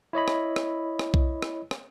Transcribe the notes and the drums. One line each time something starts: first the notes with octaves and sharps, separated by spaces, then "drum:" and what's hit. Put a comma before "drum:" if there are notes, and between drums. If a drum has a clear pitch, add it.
E4 C#5 D#5 B5
drum: rim click
drum: rim click
drum: rim click
drum: kick B1
drum: rim click
drum: rim click